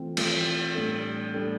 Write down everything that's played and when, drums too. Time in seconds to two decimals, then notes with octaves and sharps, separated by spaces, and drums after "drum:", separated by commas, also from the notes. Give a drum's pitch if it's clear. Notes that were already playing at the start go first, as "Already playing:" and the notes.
Already playing: E3 A3 C4 F4
0.17 E3 A3 C4 F4, drum: cymbal
0.75 A2 G3 D4 A4
1.34 A2 G3 D4 A4